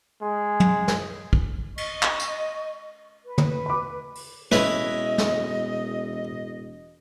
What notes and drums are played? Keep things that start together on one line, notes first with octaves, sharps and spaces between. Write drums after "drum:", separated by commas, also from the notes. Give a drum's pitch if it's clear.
G#3
drum: tom
drum: snare
drum: kick
D#5 C#6, drum: cymbal
drum: clap
drum: tambourine
B4
drum: tom
B5 D6
drum: open hi-hat
E1 C#4 E4 B4 D#5, drum: snare
drum: snare